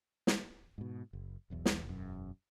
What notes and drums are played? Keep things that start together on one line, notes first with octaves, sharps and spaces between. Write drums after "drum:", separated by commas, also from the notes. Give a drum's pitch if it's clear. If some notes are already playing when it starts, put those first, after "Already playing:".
drum: snare
G#2 B2
F#1
E1 B1 E2
drum: snare
E1 F#2